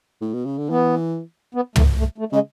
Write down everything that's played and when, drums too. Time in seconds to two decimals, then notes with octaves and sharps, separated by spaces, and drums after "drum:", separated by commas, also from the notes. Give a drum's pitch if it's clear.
0.21 A2
0.34 B2
0.46 C#3
0.58 D3
0.70 E3 B3
1.55 B3
1.76 A3, drum: tom
1.97 A3
2.18 A3
2.32 C#3 G#3